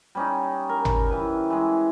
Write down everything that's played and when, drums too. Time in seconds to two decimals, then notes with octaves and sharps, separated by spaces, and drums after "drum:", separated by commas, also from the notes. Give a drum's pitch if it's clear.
0.15 G3 C#4 D#4
0.69 A#4
0.85 drum: tom G#1
1.10 E3 B4
1.50 E3 G#3